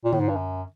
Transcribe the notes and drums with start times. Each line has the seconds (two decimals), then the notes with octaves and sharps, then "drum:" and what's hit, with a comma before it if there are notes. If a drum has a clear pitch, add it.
0.04 A#2
0.13 A2, drum: tom D3
0.20 G#2
0.29 G2
0.36 F#2